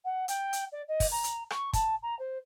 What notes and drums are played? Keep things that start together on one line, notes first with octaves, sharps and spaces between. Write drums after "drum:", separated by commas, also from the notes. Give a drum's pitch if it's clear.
F#5
G5, drum: hi-hat
drum: hi-hat
D5
D#5
drum: kick, open hi-hat
A#5
drum: hi-hat
C#6, drum: rim click
A5, drum: kick, hi-hat
A#5
C5